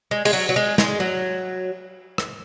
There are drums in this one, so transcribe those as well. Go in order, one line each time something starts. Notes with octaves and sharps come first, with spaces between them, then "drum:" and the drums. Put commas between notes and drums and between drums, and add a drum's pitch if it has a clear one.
G#3
G#3, drum: cymbal
F#3
F#3
G#3
G#3, drum: snare
F#3
drum: rim click